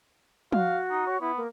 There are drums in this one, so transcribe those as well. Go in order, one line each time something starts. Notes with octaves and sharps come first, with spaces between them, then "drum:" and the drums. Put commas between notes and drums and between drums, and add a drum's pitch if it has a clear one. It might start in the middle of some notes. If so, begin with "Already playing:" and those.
F#4 F5, drum: tom F3
D#4
C#5
B3 E4
A#3